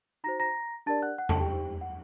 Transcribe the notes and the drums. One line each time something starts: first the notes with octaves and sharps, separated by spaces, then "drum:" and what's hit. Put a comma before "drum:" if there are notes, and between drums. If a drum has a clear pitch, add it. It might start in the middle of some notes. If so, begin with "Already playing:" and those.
D#4 F#4 C5 A#5 A#6
A#5 A#6
D4 G4 A#4 D5 A5 A6
F#5 F#6
F#5 F#6
A4 A5, drum: tom E2
G4 G5
D#4 G4 C5
F#5